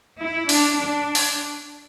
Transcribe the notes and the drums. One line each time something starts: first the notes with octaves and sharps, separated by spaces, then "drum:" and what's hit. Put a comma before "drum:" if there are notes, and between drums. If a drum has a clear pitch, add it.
E4
D4, drum: open hi-hat
D4
drum: open hi-hat